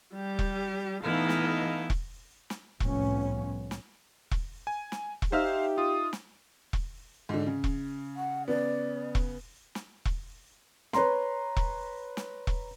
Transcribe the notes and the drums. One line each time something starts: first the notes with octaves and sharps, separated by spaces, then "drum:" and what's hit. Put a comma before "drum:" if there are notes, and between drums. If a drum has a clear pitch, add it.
G3 G4
drum: kick E1
E3 A3 B3 D#4 E4 D#5 F5
drum: snare
drum: kick E1
drum: snare
C2 A2 F3 B3 C#4, drum: kick E1
drum: snare
drum: kick E1
G#5
drum: snare
drum: kick E1
D#4 G4 C5 E5 F5 F6
F4 D#6
drum: snare
drum: kick E1
G#2 D3
C#3
drum: kick E1
F#5
C#3 B3 D5
drum: kick E1
drum: snare
drum: kick E1
B4 C#5 A#5 C6, drum: snare
drum: kick E1
drum: snare
drum: kick E1